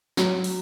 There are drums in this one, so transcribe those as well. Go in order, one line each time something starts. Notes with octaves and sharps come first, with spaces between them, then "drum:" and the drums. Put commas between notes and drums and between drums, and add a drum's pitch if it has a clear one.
F#3, drum: snare
drum: open hi-hat